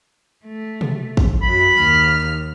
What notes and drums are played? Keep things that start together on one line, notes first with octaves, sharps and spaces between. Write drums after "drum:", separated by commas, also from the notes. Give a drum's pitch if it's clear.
A3
drum: tom B2
drum: kick A1
F#2 F#3 B5
D#2 F6